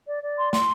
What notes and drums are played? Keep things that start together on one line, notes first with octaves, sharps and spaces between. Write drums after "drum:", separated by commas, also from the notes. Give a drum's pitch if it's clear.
D5
D5
C6
C6, drum: snare